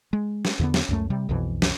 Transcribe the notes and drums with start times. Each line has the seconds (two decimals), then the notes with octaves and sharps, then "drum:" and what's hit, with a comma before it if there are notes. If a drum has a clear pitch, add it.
0.13 G#3
0.45 drum: snare
0.59 E2 D3 B3
0.74 drum: snare
0.89 C#2 F#2 A3
1.10 C3 G3
1.29 B1 F2 B2 E3
1.62 drum: snare